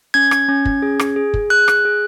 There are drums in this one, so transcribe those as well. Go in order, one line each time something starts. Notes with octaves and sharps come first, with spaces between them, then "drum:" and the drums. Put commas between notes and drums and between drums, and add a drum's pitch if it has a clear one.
C#4 G#6
drum: rim click
C#4
drum: kick
G#4
drum: rim click
G#4
drum: kick
G#4 F#6
drum: rim click
G#4